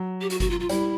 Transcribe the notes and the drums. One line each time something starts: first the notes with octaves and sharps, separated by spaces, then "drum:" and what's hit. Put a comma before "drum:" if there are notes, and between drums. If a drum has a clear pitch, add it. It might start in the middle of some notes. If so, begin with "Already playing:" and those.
Already playing: F#3
G4
F#4, drum: hi-hat
F#4, drum: kick G1, hi-hat
F4
F4
G3 E4, drum: hi-hat